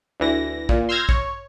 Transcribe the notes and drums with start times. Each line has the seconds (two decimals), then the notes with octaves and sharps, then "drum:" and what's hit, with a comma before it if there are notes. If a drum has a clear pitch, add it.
0.20 D2 E3 A#6
0.69 A#2, drum: kick
0.89 C6 E6 F6 G6 G#6 A#6
1.09 C#5, drum: kick